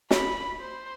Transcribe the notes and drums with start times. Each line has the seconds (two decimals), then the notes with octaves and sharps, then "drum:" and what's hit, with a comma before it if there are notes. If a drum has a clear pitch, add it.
0.11 B5, drum: snare
0.61 C5